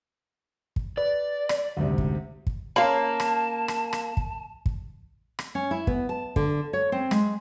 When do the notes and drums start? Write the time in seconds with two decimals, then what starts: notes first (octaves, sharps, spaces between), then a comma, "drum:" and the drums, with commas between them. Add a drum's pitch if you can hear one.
0.76 drum: kick
0.97 B4 D5
1.49 drum: rim click
1.77 D2 G#2 C3
1.98 drum: kick
2.47 drum: kick
2.76 C#3 A#3 F5 A5 B5
3.20 drum: rim click
3.68 drum: rim click
3.93 drum: rim click
4.17 drum: kick
4.66 drum: kick
5.39 drum: rim click
5.55 C#4
5.71 E4
5.87 B3, drum: kick
6.09 A5
6.36 D3, drum: kick
6.73 C#5
6.92 C4
7.11 G#3, drum: rim click